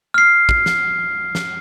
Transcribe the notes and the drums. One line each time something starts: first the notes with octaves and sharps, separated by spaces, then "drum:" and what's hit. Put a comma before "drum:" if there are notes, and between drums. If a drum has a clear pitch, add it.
F6 C7
drum: kick
drum: snare
drum: snare